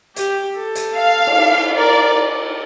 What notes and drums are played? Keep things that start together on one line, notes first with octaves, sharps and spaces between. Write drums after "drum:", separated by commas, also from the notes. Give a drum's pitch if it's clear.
G4, drum: hi-hat
A4
drum: hi-hat
F5
drum: cymbal
A#4 D5